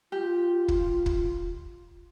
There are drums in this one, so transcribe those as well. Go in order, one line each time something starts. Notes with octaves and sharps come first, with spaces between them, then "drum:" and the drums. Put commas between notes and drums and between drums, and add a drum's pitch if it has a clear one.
F4 G4
drum: kick
drum: kick